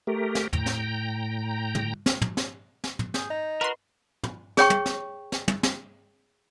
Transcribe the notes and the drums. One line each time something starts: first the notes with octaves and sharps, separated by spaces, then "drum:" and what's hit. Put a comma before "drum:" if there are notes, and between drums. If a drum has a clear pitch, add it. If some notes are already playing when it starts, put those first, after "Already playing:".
A3 G4 A#4
drum: snare
A2 G5 A#5, drum: tom
drum: snare
drum: tom
drum: snare
drum: tom
drum: snare
drum: snare
drum: tom
G#4 G6, drum: snare
D#4 D#5
F#4 A#4 B4 C6
drum: tom
G#4 C#5 G5 C#6, drum: snare
drum: tom
drum: snare
drum: snare
drum: tom
drum: snare